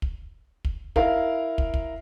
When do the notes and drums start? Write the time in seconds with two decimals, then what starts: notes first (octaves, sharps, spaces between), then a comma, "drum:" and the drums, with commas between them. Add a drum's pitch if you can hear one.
0.02 drum: kick
0.65 drum: kick
0.96 E4 A#4 F5, drum: kick
1.58 drum: kick
1.74 drum: kick